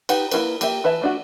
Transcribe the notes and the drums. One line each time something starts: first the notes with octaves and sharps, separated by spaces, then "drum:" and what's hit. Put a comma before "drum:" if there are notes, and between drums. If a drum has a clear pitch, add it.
D#4 G4 B4 F#5, drum: cymbal
A#3 E4 G#4 A#4 B4, drum: cymbal
A#3 G4 E5, drum: cymbal
E3 B4 E5 A5
A3 D4 F#4